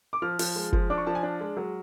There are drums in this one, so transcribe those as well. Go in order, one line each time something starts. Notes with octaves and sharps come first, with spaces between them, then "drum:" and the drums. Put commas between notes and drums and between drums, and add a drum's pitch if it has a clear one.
D6
F3 F6
F3, drum: open hi-hat
G#3
F3, drum: kick
D4 D6
C#6
F3 A5
G#5
D4
G#3
F#3